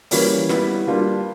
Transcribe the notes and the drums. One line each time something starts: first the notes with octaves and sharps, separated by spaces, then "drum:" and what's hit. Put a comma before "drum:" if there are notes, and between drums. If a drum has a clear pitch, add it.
E3 G3 A#3 C#4, drum: open hi-hat
G3 B3 E4, drum: snare
G3 A#3 D4 F4